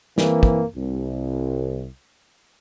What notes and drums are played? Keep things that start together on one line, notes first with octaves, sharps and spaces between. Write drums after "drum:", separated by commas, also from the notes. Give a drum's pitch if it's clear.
E3 A#3 C4, drum: snare
drum: kick
C2